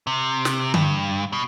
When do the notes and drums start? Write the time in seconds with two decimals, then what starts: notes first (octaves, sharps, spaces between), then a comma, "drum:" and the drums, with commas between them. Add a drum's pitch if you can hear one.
0.07 C3
0.45 drum: snare
0.74 G2, drum: tom D3
1.33 B2